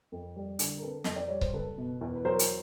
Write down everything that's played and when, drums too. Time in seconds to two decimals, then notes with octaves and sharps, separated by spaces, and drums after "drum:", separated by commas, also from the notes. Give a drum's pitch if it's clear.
0.12 F2
0.36 G3
0.59 D3, drum: hi-hat
0.77 A#4
0.82 C4 A4 B4
1.04 F2 D#5, drum: snare
1.16 D5
1.29 G3 C#5
1.41 C5, drum: kick C#1
1.53 F#1 A4 B4
1.78 B2
2.01 E2
2.15 B4
2.25 F#3 A#4 C5
2.39 drum: hi-hat